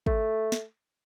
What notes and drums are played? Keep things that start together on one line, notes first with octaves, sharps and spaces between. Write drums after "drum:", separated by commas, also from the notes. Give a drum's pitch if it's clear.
A3, drum: kick
drum: snare